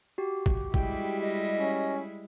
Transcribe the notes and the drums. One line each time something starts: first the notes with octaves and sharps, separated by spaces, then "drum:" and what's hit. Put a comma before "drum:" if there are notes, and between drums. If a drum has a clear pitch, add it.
F#4 G4
drum: kick
G3 G#3 E4 G5, drum: kick
D#5
C#4